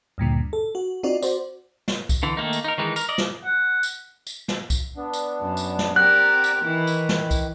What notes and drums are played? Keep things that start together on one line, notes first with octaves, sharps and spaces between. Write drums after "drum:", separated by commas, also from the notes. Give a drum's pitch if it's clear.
D2 G2 A#2 D3
A4
F#4
C4 D#4 F4 F#4 D5
F#4 C5 D5, drum: tambourine
drum: snare
drum: kick C2, tambourine
D3 E3
D#3 A3 A#3 D#4
drum: tambourine
D#4 A#4
D#3 E3 G#3 D#4
A#4, drum: tambourine
D5 D#5
drum: snare
F#5
drum: tambourine
drum: tambourine
drum: snare
drum: kick C2, tambourine
B3 D4
drum: tambourine
F#2
drum: tambourine
drum: snare
C4 G4 A#4 D5 F#5 A#5 F#6
drum: tambourine
D#3 E3 E4
drum: tambourine
drum: snare
drum: kick C2, tambourine